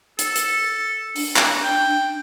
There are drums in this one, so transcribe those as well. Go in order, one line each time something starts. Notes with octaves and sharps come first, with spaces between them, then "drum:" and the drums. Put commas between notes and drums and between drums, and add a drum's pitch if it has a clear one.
A4, drum: hi-hat
drum: hi-hat
D4, drum: open hi-hat
drum: clap
G5